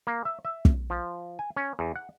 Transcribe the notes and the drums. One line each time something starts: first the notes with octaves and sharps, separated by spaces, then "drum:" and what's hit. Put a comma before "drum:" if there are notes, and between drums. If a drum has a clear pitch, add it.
A#3
E5
E5
drum: kick
F3
G#5
C#4
E2
F#5